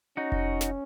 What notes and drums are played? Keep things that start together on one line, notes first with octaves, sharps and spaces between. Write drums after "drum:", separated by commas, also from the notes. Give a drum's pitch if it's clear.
C#4 D#4 F#4
drum: kick F1
drum: snare